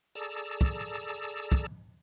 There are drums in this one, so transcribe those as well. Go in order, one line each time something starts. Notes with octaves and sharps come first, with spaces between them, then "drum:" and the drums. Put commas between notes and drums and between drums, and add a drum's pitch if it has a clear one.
G#4 A4 D5 A5 A#5 E6
drum: kick
drum: kick